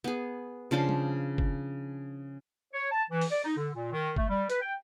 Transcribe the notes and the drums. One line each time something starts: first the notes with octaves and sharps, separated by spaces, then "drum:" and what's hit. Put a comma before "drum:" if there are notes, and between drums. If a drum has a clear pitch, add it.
B3 G#4
C#3 F3 D4 C5
drum: tom G3
drum: kick
C#5
A5
E3
drum: open hi-hat
D5
D#4
D3
A#2
D#3
A3, drum: kick
G3
B4, drum: hi-hat
G5